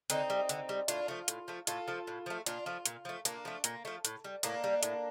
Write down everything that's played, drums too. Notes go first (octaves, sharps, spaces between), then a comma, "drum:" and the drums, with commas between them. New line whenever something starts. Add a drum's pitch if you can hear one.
D3 C4 D#4, drum: hi-hat
G3
D3, drum: hi-hat
G3
A2 D4 F4, drum: hi-hat
F3 A3
A2, drum: hi-hat
F3 A3
A2 F4 A4, drum: hi-hat
F3 A3
A2
F3 A3
A#2 D4 F4, drum: hi-hat
F3 A3
A#2, drum: hi-hat
F3 A3
A#2 A#3 D4, drum: hi-hat
F3 A3
A#2 A#3, drum: hi-hat
F3 A3
A2, drum: hi-hat
G3
A2 A#3 D4, drum: hi-hat
G3
A2, drum: hi-hat